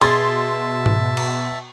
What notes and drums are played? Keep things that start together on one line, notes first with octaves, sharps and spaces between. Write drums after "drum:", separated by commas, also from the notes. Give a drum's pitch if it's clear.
B2 G#4 E5 A5 C6 A6, drum: cymbal
drum: tom G#2
drum: cymbal